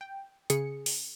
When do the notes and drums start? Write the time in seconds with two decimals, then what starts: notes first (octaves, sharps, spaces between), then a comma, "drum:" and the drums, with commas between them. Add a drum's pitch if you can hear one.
0.01 G5
0.50 C#3 G#4 C#7, drum: hi-hat
0.86 drum: open hi-hat